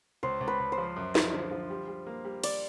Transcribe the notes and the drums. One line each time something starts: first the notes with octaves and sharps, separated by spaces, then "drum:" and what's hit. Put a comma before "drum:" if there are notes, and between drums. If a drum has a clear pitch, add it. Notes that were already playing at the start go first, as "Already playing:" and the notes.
C#2 C5
C#2
B4
C#2
C5
F3
F#2
F3, drum: snare
D3
F3
G3
G3
A#3
G3
D5, drum: cymbal